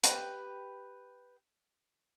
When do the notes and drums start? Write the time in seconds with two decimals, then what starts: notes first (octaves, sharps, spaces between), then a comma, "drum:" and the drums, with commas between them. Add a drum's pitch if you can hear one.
0.03 G4 B4, drum: hi-hat